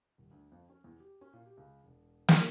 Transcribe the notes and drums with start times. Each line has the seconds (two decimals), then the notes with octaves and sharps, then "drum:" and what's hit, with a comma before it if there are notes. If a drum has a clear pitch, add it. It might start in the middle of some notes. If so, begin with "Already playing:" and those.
0.18 D#1
0.31 D2
0.52 F2
0.70 C#4
0.84 E2
1.00 G4
1.21 C#4
1.33 A#2
1.46 G4
1.57 C#2
1.84 E1
2.28 F#4, drum: snare